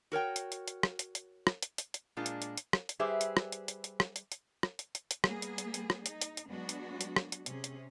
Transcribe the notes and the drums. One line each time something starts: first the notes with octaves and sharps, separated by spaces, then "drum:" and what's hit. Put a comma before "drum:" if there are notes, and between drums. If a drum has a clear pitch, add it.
F#4 A#4 C#5 G5
drum: hi-hat
drum: hi-hat
drum: hi-hat
drum: rim click
drum: hi-hat
drum: hi-hat
drum: rim click
drum: hi-hat
drum: hi-hat
drum: hi-hat
A#2 G#3 D4 F4
drum: hi-hat
drum: hi-hat
drum: hi-hat
drum: rim click
drum: hi-hat
G3 G4 G#4 B4 C5 E5
drum: hi-hat
drum: rim click
drum: hi-hat
drum: hi-hat
drum: hi-hat
drum: rim click
drum: hi-hat
drum: hi-hat
drum: rim click
drum: hi-hat
drum: hi-hat
drum: hi-hat
G3 A#3 B3 G#4, drum: rim click
drum: hi-hat
drum: hi-hat
drum: hi-hat
drum: rim click
D#4, drum: hi-hat
drum: hi-hat
drum: hi-hat
F#3 G#3 B3 D4 F#4
drum: hi-hat
drum: hi-hat
drum: rim click
drum: hi-hat
C3 C#4 G#4, drum: hi-hat
drum: hi-hat